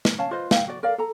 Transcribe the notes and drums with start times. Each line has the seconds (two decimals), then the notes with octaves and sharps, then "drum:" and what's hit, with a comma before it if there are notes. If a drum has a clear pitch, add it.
0.05 drum: snare
0.18 C#4 C#5 F5 A5
0.31 F4 B4 C5 D#5
0.51 F5 G5, drum: snare
0.67 F#4 D5
0.83 A#4 D5 F5
0.98 A4 A#5